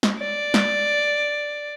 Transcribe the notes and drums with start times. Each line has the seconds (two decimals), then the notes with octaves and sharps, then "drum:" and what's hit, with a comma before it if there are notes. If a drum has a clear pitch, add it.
0.03 drum: snare
0.19 D5
0.54 drum: snare